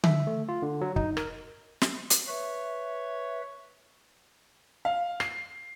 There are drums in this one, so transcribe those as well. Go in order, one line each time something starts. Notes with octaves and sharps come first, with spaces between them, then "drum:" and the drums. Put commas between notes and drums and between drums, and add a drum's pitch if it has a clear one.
E5, drum: tom D3
A3
F4
D3
F#3
D#4, drum: kick
A#4, drum: rim click
drum: snare
drum: hi-hat
B4 C#5 E5
F5
C7, drum: rim click